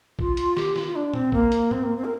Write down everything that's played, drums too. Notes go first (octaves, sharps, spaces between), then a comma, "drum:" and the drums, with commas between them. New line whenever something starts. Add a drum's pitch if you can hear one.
F4, drum: kick A#1
drum: hi-hat
G4, drum: snare
F4, drum: snare
F4
D4
C4, drum: tom A#2
A#3, drum: kick A#1
drum: hi-hat
C4, drum: tom G#2
A#3
C4
A#4